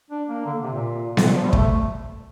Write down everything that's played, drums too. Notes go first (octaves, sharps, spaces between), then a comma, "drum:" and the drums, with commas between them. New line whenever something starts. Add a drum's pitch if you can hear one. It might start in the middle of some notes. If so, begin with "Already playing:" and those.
D4
A#3
D3
C3
A#2
A#2, drum: snare B3
F3
G3
A3, drum: kick